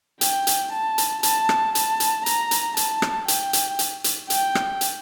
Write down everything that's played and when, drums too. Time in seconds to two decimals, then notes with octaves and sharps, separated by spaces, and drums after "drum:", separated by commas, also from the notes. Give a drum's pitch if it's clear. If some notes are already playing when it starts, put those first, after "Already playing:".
0.21 G5, drum: hi-hat
0.47 drum: hi-hat
0.72 A5
0.98 drum: hi-hat
1.23 A5, drum: hi-hat
1.49 drum: rim click
1.75 A5, drum: hi-hat
2.00 drum: hi-hat
2.26 A#5, drum: hi-hat
2.51 drum: hi-hat
2.77 A5, drum: hi-hat
3.02 drum: rim click
3.28 G5, drum: hi-hat
3.53 drum: hi-hat
3.79 drum: hi-hat
4.04 drum: hi-hat
4.30 G5, drum: hi-hat
4.55 drum: rim click
4.81 drum: hi-hat